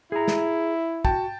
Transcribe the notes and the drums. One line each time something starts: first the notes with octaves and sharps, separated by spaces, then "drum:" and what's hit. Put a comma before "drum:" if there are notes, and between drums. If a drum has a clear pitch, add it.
E4 G#4 A#5
drum: snare
F#4 G5 A5, drum: kick